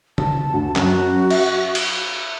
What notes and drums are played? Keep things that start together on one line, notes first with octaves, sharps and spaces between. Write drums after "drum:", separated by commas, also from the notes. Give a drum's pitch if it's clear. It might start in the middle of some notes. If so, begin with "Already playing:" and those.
A5, drum: tom C#3
D2
F#2 F#4, drum: clap
E5, drum: cymbal
drum: cymbal